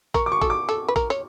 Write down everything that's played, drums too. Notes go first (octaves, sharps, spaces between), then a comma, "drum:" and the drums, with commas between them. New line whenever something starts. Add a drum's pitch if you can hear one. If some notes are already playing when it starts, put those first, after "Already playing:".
A#4 C#6, drum: kick A#1, hi-hat
D6
C#6
A4, drum: kick A#1, hi-hat
D6
A4, drum: hi-hat
B4
A#4, drum: kick A#1, hi-hat
C#5, drum: hi-hat